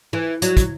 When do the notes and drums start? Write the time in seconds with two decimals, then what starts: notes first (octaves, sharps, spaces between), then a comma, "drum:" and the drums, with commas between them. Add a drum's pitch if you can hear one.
0.13 E3
0.42 F#3, drum: hi-hat
0.57 drum: kick, hi-hat